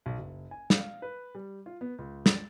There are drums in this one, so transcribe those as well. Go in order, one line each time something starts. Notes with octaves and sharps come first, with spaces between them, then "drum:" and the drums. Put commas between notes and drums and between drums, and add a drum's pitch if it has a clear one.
B1
F#1
G#5
F5, drum: snare
B4
G3
F4
B3
C#2
A6, drum: snare